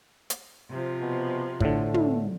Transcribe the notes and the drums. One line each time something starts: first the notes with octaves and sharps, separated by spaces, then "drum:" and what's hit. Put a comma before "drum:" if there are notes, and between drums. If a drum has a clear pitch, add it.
drum: hi-hat
C3 F3
B2
A2 D3 A3, drum: kick
drum: tom